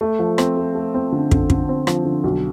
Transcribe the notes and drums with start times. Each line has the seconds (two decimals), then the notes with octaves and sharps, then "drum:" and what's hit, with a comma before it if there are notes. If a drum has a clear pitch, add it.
0.01 A3
0.19 F3
0.38 C4, drum: rim click
0.57 A3
0.75 A3
0.94 C4
1.12 D3
1.31 D3, drum: kick
1.50 D3, drum: kick
1.69 C4
1.87 F3, drum: rim click
2.05 D3
2.24 B1